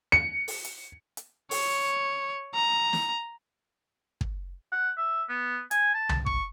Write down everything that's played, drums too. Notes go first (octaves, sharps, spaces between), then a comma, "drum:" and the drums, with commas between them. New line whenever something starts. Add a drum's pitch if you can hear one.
C#7
drum: open hi-hat
drum: hi-hat
drum: hi-hat
C#5, drum: open hi-hat
A#5
drum: snare
drum: kick
F#5
E5
B3
G#5, drum: hi-hat
A5
drum: tom C2
C#6, drum: kick